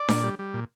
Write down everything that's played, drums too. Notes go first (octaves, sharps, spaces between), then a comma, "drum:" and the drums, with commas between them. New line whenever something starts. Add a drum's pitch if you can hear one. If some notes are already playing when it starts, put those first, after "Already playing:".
Already playing: D5
A#2, drum: snare D4
G3
G3
A#2